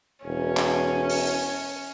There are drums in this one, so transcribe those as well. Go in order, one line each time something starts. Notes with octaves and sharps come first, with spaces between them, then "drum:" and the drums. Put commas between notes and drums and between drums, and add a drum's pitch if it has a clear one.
E1 C#4
drum: clap
drum: open hi-hat